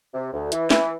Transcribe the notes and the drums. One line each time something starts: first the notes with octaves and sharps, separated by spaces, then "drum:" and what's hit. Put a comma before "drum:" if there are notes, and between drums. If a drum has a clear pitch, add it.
C3
D2
E3, drum: hi-hat
E3, drum: snare